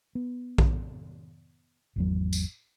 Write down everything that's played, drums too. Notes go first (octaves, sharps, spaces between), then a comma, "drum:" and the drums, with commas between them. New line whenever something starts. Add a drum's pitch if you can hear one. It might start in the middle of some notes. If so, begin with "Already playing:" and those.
B3
drum: kick A#1
G#1 E2 F#3
drum: tambourine